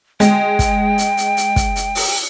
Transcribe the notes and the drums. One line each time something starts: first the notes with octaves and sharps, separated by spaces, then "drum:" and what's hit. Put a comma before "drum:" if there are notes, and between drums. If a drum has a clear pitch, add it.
G#3 G5, drum: hi-hat
drum: kick, hi-hat
drum: hi-hat
drum: hi-hat
drum: hi-hat
drum: kick, hi-hat
drum: hi-hat
drum: open hi-hat